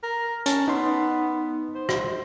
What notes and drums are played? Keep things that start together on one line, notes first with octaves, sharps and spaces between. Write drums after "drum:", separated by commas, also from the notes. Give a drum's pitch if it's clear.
A#4
C#4 A5, drum: hi-hat
B3 D#4 C6
C5
drum: rim click